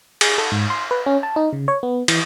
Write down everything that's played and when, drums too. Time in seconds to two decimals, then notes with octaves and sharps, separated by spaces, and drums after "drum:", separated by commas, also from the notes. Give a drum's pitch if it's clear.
0.21 G#4, drum: cymbal
0.38 A4
0.52 G#2
0.70 C6
0.91 B4
1.06 C#4
1.23 A5
1.36 D#4
1.53 C#3
1.68 C#5
1.83 B3
2.08 E3, drum: cymbal